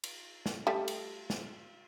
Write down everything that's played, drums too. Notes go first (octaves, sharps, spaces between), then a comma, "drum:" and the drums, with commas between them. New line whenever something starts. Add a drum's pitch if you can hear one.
drum: cymbal
drum: snare
G3 A3
drum: cymbal
drum: snare